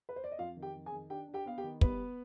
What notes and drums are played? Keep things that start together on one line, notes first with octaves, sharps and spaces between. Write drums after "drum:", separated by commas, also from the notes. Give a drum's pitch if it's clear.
B4
C5
D5
D#5
F2 F4 F5
D#3
G4 G5
F2
G#4 G#5
D#3
D4 G4 G5
D4
G4 G5
B3 F5
G4 G5
D#3
G3 B3 B4, drum: kick